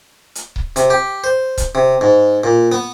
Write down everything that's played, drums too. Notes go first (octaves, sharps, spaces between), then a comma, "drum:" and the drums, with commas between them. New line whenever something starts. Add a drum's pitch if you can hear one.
drum: hi-hat
drum: kick C#1
C3, drum: hi-hat
G4
C5
drum: kick C#1, hi-hat
C3
G#2
A#2
B3